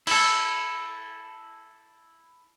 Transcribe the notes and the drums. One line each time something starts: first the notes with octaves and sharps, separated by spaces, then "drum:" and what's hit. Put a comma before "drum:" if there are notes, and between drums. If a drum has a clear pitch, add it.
E4 A4, drum: cymbal